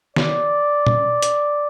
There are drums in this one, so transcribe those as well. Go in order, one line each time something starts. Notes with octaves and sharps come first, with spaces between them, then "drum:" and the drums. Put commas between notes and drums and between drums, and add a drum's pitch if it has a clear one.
D5, drum: snare
drum: tom
drum: hi-hat